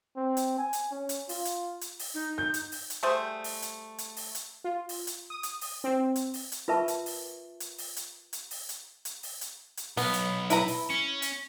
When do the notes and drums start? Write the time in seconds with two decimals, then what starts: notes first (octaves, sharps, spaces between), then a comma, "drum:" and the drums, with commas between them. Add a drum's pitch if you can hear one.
0.17 C4
0.37 drum: hi-hat
0.58 G#5
0.73 drum: hi-hat
0.91 C#4
1.09 drum: hi-hat
1.29 F4, drum: open hi-hat
1.45 drum: hi-hat
1.81 drum: hi-hat
1.99 drum: open hi-hat
2.14 D#4
2.38 G6
2.54 drum: hi-hat
2.72 drum: open hi-hat
2.90 drum: hi-hat
3.03 G3 A3 G#4 C5
3.44 drum: open hi-hat
3.62 drum: hi-hat
3.98 drum: hi-hat
4.17 drum: open hi-hat
4.35 drum: hi-hat
4.64 F4
4.89 drum: open hi-hat
5.07 drum: hi-hat
5.30 D#6
5.43 drum: hi-hat
5.61 drum: open hi-hat
5.84 C4
6.16 drum: hi-hat
6.34 drum: open hi-hat
6.52 drum: hi-hat
6.68 F4 A#4 B4 E5 A5 C#6
6.88 drum: hi-hat
7.06 drum: open hi-hat
7.60 drum: hi-hat
7.78 drum: open hi-hat
7.96 drum: hi-hat
8.33 drum: hi-hat
8.51 drum: open hi-hat
8.69 drum: hi-hat
9.05 drum: hi-hat
9.23 drum: open hi-hat
9.41 drum: hi-hat
9.77 drum: hi-hat
9.97 B1 B3, drum: open hi-hat
10.14 drum: hi-hat
10.50 E4 B4 A#5, drum: hi-hat
10.68 drum: open hi-hat
10.90 C#4
11.22 drum: hi-hat